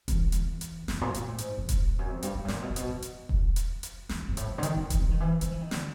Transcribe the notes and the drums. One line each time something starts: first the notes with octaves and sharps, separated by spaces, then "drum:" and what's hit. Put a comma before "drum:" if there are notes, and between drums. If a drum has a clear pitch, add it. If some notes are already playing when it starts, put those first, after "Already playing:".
E2, drum: kick E1, hi-hat
E2, drum: hi-hat
drum: hi-hat
F2, drum: snare
A#2
A#2, drum: hi-hat
A2
G#2, drum: hi-hat
F2
F2, drum: kick E1, hi-hat
F2
F#2
F2
G2, drum: hi-hat
G#2
A2
A#2, drum: snare
B2
A#2
B2, drum: hi-hat
F2
drum: hi-hat
drum: kick E1
drum: hi-hat
drum: hi-hat
E2, drum: snare
G#2
A2, drum: hi-hat
A2
D3
D#3, drum: hi-hat
E3
drum: kick E1, hi-hat
E3
D#3
E3
F3, drum: hi-hat
E3
D#3
D3, drum: snare